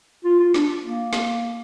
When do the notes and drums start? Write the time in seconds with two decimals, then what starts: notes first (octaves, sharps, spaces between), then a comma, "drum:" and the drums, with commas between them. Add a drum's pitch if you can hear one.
0.25 F4
0.40 F4
0.54 D4, drum: snare
0.83 A#3
1.13 drum: snare